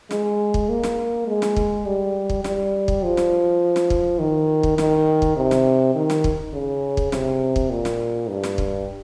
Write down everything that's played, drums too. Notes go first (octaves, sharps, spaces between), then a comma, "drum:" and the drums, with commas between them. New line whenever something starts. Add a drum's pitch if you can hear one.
G#3, drum: snare
drum: kick
A#3
drum: snare
G#3
drum: snare
drum: kick
G3
drum: kick
G3, drum: snare
drum: kick
F3
drum: snare
drum: snare
drum: kick
D#3
drum: kick
D#3, drum: snare
drum: kick
C3
drum: snare
D#3
drum: snare
drum: kick
C#3
drum: kick
C3, drum: snare
drum: kick
A#2
drum: snare
G2
drum: snare
drum: kick